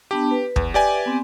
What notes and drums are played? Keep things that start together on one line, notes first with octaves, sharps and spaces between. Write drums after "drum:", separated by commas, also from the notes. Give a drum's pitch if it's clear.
B3 D4 G4 A5
B4
E2, drum: kick
G4 B4 D5 E5 G#5
B3 C4